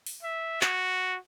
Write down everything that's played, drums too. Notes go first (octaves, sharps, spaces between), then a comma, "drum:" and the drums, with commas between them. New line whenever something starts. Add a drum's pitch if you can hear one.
drum: open hi-hat
E5
F#4, drum: clap